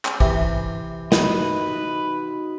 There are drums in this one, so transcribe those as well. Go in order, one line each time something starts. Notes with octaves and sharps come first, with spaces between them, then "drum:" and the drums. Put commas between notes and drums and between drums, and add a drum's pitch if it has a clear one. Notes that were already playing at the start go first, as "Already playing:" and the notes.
drum: clap
C3 E3, drum: kick A#1
D#4 F#4 B4 D#5, drum: snare